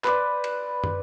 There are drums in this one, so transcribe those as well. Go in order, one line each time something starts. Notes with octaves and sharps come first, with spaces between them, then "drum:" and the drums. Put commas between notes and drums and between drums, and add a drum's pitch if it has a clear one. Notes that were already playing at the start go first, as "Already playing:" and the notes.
B4 C5 D5, drum: clap
drum: cymbal
drum: tom